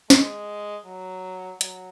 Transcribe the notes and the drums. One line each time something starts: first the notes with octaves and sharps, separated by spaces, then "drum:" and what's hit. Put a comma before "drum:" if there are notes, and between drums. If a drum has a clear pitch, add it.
G#3, drum: snare
F#3
F#3, drum: hi-hat